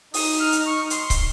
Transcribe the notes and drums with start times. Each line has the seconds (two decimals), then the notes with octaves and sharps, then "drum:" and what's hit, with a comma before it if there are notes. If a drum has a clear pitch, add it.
0.14 D#4 D#6, drum: open hi-hat
0.40 F6
0.52 drum: hi-hat
0.66 C#6
0.90 C6, drum: hi-hat
1.10 drum: kick, hi-hat